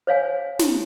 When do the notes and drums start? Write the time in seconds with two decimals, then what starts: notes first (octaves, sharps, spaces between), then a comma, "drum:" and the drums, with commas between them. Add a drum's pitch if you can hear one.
0.07 C5 C#5 F5 G#5
0.59 drum: snare